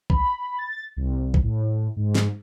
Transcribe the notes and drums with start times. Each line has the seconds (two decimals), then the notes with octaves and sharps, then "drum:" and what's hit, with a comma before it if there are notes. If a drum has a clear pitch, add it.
0.10 B5, drum: kick B1
0.59 A6
0.97 C2
1.34 drum: kick B1
1.43 A2
1.96 G#2
2.15 drum: snare